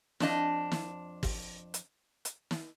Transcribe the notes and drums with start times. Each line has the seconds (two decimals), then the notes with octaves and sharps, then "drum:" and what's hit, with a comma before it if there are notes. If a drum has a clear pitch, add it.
0.20 F2 D4 D#5, drum: snare
0.72 drum: snare
1.23 drum: kick, open hi-hat
1.74 drum: hi-hat
2.25 drum: hi-hat
2.51 drum: snare